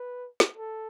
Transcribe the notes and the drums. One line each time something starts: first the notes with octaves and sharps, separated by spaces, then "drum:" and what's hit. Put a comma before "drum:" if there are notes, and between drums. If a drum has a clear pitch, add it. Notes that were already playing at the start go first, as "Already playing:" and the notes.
Already playing: B4
drum: snare
A4